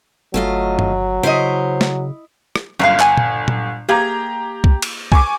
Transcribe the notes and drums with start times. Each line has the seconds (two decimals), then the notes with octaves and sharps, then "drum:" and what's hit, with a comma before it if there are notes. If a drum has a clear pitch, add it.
0.34 G1 F#3 A3 F4 D#5
0.79 drum: tom G2
1.23 C#3 E4 C5 C#5 D#5
1.81 drum: snare
2.56 drum: rim click
2.79 G1 F#2 A#2 F5
3.00 F#5 G#5, drum: clap
3.17 drum: tom
3.48 drum: tom A#2
3.89 A#3 G4 G#4 A#5
4.64 drum: kick
4.82 drum: cymbal
5.12 G#5 C#6 D6, drum: kick